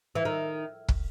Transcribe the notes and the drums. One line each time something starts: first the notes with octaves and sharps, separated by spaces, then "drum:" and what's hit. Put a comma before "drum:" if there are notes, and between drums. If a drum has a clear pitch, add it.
E3
D#3
drum: kick